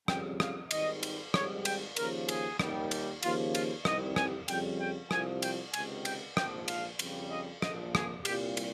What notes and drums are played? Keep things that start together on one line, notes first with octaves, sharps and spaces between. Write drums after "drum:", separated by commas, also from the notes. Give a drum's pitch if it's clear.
F2 C#3 G3 G5, drum: rim click
F5, drum: rim click
G#1 G#2 D#3 G3 D#5, drum: cymbal
drum: cymbal
G#1 G#2 G3 C#5, drum: rim click
G5, drum: cymbal
D#2 C#3 F3 A#4, drum: cymbal
G#4, drum: cymbal
D#2 D#3 G3, drum: rim click
drum: cymbal
D#2 C#3 F3 F4, drum: cymbal
F4, drum: cymbal
C2 C3 D#3 G3 D#5, drum: rim click
G#5, drum: rim click
F2 C#3 G3 G5, drum: cymbal
G5
C2 C3 F3 G#5, drum: rim click
G5, drum: cymbal
C#2 C3 D#3 G#5, drum: cymbal
G5, drum: cymbal
A#1 G#2 F3 G5, drum: rim click
F5, drum: cymbal
F2 C#3 G3, drum: cymbal
D#5
A#1 A#2 F3 D#5, drum: rim click
G#4, drum: rim click
C2 A#2 G3 G4, drum: cymbal
drum: cymbal